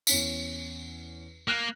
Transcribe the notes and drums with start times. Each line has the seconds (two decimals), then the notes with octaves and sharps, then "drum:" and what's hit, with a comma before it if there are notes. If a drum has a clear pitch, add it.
0.07 E2 C#4 B6, drum: tambourine
1.48 A#3 F6 F#6 A#6